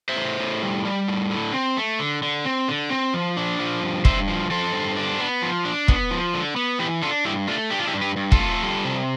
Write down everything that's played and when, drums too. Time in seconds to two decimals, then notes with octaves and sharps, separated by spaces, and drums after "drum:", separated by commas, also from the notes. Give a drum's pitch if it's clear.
0.09 C5 E5
0.16 A2
0.40 A2
0.62 G3
0.85 G3
1.08 A2
1.31 D3
1.54 C4
1.77 A3
2.00 D3
2.23 D3
2.45 C4
2.68 D3
2.90 C4
3.14 F3
3.37 D4
3.59 F3
3.82 G2
4.05 G2 C5 E5, drum: kick
4.28 F3
4.51 F3 A4 C5
4.74 G2
4.97 D4
5.20 B3
5.42 F3
5.65 D4
5.88 B3, drum: kick
6.11 F3
6.34 D3
6.56 B3
6.79 E3 G4 B4
7.02 D4 F4 A4
7.25 G2 E4 G4
7.48 A3 D4 F4
7.71 D4 G4
7.79 F4
7.87 E4 G4
7.94 G2
8.01 G4 B4
8.17 G2
8.32 F4 A4, drum: kick
8.39 A3
8.63 G3
8.85 C3